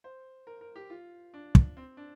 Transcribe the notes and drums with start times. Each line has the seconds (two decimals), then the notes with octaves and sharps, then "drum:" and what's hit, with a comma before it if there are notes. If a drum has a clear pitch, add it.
0.04 C5
0.47 A#4
0.61 A#4
0.76 G4
0.90 F4
1.34 D4
1.55 drum: kick
1.77 C4
1.97 D4